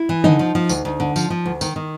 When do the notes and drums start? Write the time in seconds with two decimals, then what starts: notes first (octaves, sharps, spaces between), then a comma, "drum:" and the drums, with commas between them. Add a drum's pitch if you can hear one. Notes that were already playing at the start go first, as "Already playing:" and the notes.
Already playing: E4
0.09 E3
0.24 D3 D#4, drum: tom
0.39 F3
0.55 F3
0.69 D2, drum: tambourine
0.85 D2
1.00 D3
1.16 F3, drum: tambourine
1.30 F3
1.46 D2
1.61 D#3, drum: tambourine
1.76 D#3